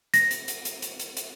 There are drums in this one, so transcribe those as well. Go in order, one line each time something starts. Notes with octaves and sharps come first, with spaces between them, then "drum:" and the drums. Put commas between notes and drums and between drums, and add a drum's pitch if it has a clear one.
A#6, drum: hi-hat
drum: hi-hat
drum: hi-hat
drum: hi-hat
drum: hi-hat
drum: hi-hat
drum: hi-hat